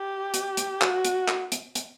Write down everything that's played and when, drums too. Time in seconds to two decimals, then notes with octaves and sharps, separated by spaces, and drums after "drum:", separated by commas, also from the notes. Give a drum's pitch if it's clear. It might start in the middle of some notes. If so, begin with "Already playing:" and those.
Already playing: G4
0.34 drum: hi-hat
0.57 drum: hi-hat
0.82 F#4, drum: clap
1.05 drum: hi-hat
1.28 drum: clap
1.52 drum: hi-hat
1.75 drum: hi-hat